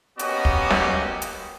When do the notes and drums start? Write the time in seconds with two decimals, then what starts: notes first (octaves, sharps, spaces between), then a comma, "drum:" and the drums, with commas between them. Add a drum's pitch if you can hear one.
0.19 A#3 B3 C#4 F#4 G4 D#5, drum: hi-hat
0.45 drum: kick
0.71 drum: snare
1.22 drum: hi-hat